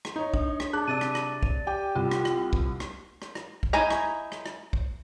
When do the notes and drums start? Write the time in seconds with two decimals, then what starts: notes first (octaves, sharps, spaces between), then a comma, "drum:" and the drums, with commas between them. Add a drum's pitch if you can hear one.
0.05 drum: rim click
0.16 D#4 C#5
0.34 D4, drum: kick
0.60 drum: rim click
0.73 D4 G#4 F#6
0.87 C3 D5 A6 D#7
1.01 drum: rim click
1.15 drum: rim click
1.43 drum: kick
1.67 G4 G5
1.95 C2 F4
2.11 drum: rim click
2.25 drum: rim click
2.53 drum: kick
2.80 drum: rim click
3.22 drum: rim click
3.35 drum: rim click
3.63 drum: kick
3.73 D#4 E4 G#5 A#5
3.90 drum: rim click
4.32 drum: rim click
4.46 drum: rim click
4.73 drum: kick